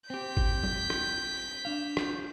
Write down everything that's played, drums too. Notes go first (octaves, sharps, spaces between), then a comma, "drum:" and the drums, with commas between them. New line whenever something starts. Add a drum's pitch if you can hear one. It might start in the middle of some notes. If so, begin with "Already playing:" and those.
C4 G4 G6 B6
drum: kick
drum: tom F#3
drum: rim click
D4 F5
drum: rim click